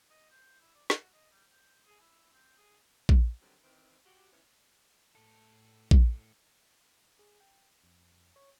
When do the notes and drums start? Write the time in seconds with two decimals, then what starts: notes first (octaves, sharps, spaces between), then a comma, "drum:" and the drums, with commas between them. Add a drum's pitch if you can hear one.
0.10 D#5
0.31 C5
0.61 E4
0.75 D5
0.90 F#4, drum: snare
1.13 D#5
1.32 G3
1.50 C5
1.86 G#4
2.00 E4
2.33 C4
2.58 G#4
3.09 drum: kick A#1
3.41 D3 D#3 F#3 G3 C4
3.63 D#3 E3 C4
4.06 F#4 G4
4.32 E3 F3 B3 C#4 E4
5.15 A2 A4
5.91 drum: kick A#1
7.19 G#4
7.40 G5
7.84 F2
8.36 C#5